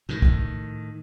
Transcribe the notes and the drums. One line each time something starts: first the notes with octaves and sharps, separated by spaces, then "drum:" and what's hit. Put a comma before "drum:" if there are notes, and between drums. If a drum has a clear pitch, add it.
A2 D#3
drum: kick